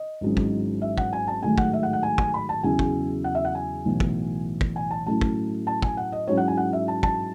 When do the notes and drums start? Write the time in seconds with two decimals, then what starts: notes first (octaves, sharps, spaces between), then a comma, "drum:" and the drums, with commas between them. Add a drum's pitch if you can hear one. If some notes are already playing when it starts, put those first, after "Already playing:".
Already playing: D#5
0.21 G#1 G#2 F#3 C#4 E4
0.37 drum: kick
0.82 E5
0.98 F#5, drum: kick
1.13 G#5
1.27 A5
1.42 A1 G#2 D#3 F#3 A3 G#5
1.58 F#5, drum: kick
1.73 E5
1.83 F#5
1.93 F#5
2.03 G#5
2.18 G#5, drum: kick
2.34 B5
2.49 A5
2.63 E2 C#3 F#3 C#4 E4 G#5
2.79 drum: kick
3.24 F#5
3.35 E5
3.45 F#5
3.55 G#5
3.85 B1 A2 E3
4.00 drum: kick
4.61 drum: kick
4.76 G#5
4.91 A5
5.06 A2 F#3 A3 C#4 E4 A5
5.21 drum: kick
5.67 A5
5.82 G#5, drum: kick
5.97 F#5
6.12 D#5
6.28 G#2 F#3 C#4 E4 C#5
6.37 F#5
6.48 G#5
6.57 F#5
6.73 E5
6.88 A5
7.03 A5, drum: kick